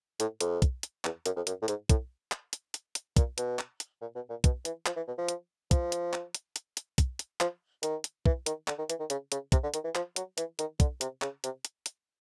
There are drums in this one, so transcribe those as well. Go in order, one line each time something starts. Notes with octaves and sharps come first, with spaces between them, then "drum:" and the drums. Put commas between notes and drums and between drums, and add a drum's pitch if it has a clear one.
A2, drum: hi-hat
F2, drum: hi-hat
drum: kick, hi-hat
drum: hi-hat
E2, drum: clap
F#2, drum: hi-hat
F2
F#2, drum: hi-hat
A2
G#2, drum: hi-hat
A2, drum: kick, hi-hat
drum: clap
drum: hi-hat
drum: hi-hat
drum: hi-hat
A#2, drum: kick, hi-hat
B2, drum: hi-hat
drum: clap
drum: hi-hat
A#2
B2
A#2
B2, drum: kick, hi-hat
E3, drum: hi-hat
F3, drum: clap
E3
B2
F3
drum: hi-hat
F3, drum: kick, hi-hat
drum: hi-hat
drum: clap
drum: hi-hat
drum: hi-hat
drum: hi-hat
drum: kick, hi-hat
drum: hi-hat
F3, drum: clap
D#3, drum: hi-hat
drum: hi-hat
E3, drum: kick
D#3, drum: hi-hat
D3, drum: clap
D#3
E3, drum: hi-hat
D#3
C#3, drum: hi-hat
C#3, drum: hi-hat
C3, drum: kick, hi-hat
D3
D#3, drum: hi-hat
E3
F3, drum: clap
F#3, drum: hi-hat
E3, drum: hi-hat
D#3, drum: hi-hat
D3, drum: kick, hi-hat
C3, drum: hi-hat
C#3, drum: clap
C3, drum: hi-hat
drum: hi-hat
drum: hi-hat